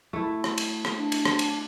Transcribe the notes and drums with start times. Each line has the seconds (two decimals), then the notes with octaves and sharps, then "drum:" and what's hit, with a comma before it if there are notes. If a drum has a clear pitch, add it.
0.13 A3 E4
0.44 drum: rim click
0.58 drum: cymbal
0.85 drum: rim click
0.98 D4
1.12 drum: cymbal
1.25 drum: rim click
1.39 drum: cymbal